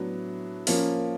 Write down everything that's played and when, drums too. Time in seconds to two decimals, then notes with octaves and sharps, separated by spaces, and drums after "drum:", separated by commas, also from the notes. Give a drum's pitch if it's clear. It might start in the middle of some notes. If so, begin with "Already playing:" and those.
Already playing: A2 F#3 B3 D4
0.67 F3 A#3 C#4, drum: open hi-hat